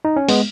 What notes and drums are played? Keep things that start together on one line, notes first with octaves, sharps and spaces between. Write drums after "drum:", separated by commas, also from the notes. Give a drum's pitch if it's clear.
D#4
C#4
G#3 B3, drum: open hi-hat